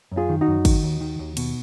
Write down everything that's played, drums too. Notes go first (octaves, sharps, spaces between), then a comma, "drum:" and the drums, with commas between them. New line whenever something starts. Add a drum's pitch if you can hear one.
F#2
F4 G#4
D#3
D#4 F#4
F#2
D#3, drum: kick, cymbal
D#2
D#3
D#2
B2, drum: cymbal